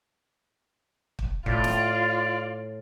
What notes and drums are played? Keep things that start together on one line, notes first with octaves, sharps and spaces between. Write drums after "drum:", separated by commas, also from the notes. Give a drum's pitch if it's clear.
drum: kick
A2 F4 D5, drum: kick
drum: snare